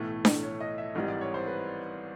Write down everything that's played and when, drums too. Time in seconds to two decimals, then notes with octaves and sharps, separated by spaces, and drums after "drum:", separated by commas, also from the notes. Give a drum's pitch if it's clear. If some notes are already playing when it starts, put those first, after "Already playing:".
Already playing: B1 A2 E3 A3
0.25 drum: snare D4
0.43 C#5
0.60 D#5
0.78 E5
0.95 G#1 G#2 E3 G3 D#5
1.08 D5
1.21 C#5
1.34 C5
1.47 B4